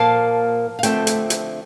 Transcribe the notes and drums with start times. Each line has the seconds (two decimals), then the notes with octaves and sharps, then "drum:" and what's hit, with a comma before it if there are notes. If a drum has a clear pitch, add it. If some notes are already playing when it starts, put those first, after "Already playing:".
Already playing: A#2 F3 A#3 F5 A5
0.79 F5
0.83 D3 F3 A3 C4 E5 G5, drum: hi-hat
1.07 drum: hi-hat
1.30 drum: hi-hat